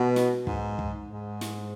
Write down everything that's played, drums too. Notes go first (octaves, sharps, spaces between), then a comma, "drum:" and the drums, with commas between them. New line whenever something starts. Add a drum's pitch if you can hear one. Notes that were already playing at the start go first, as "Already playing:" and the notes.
Already playing: B2
drum: snare
G#2, drum: kick
drum: kick
G#2
drum: snare